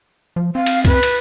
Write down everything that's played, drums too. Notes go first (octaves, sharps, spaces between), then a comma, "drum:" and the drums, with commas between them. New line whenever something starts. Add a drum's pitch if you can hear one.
F3
C4 F5
drum: cymbal
B4, drum: kick, cymbal
drum: cymbal